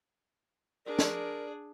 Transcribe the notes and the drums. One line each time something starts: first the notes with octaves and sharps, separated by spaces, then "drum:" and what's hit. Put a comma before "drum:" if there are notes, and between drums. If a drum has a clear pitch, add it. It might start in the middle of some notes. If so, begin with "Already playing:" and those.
D4 G#4 A#4 D5
drum: snare